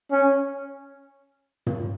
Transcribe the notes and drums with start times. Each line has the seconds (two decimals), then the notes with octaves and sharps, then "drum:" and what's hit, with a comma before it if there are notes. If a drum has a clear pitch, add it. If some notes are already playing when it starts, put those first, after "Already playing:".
0.11 C#4
1.67 drum: tom